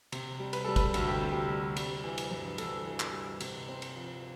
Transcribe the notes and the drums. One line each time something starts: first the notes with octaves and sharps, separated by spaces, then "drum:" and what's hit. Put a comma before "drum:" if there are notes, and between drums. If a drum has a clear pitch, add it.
C3, drum: cymbal
G3
B4, drum: cymbal
G3 A4
B4, drum: kick, cymbal
D2 A4, drum: cymbal
G4
C3
G4
G3
G3, drum: cymbal
E3
drum: cymbal
G2
G2 A4, drum: cymbal
E3
drum: clap
G3
C3, drum: cymbal
C4
drum: cymbal
F3